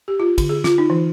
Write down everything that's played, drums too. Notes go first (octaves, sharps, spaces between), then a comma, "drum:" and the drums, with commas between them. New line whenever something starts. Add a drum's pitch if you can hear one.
G4
F4
D3, drum: kick, cymbal
G#4
F4, drum: snare
D#4
E3